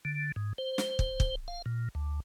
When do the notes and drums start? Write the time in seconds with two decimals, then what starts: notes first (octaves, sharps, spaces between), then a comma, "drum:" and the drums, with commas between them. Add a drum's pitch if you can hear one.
0.05 D3
0.36 G#2
0.58 C5
0.78 drum: snare
0.99 drum: kick
1.20 drum: kick
1.48 F5
1.66 A#2
1.95 D2